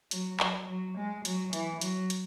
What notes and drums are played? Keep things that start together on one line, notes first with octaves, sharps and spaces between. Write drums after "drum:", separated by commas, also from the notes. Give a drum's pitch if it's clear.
F#3, drum: hi-hat
F#3, drum: clap
F#3
G#3
F#3, drum: hi-hat
E3, drum: hi-hat
F#3, drum: hi-hat
drum: hi-hat